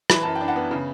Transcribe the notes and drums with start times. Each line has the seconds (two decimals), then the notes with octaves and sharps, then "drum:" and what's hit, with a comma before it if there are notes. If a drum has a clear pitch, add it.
0.10 E3 B5, drum: rim click
0.23 F#2 A5
0.35 G5
0.41 D4
0.48 F#5 A5
0.56 B3
0.71 C#3